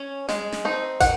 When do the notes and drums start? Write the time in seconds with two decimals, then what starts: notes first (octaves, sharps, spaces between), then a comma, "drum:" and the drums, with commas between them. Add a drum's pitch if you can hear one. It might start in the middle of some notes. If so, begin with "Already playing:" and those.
Already playing: C#4
0.29 G#3, drum: snare
0.52 drum: snare
0.65 C4 D#4
1.00 D#3 F#5, drum: kick, hi-hat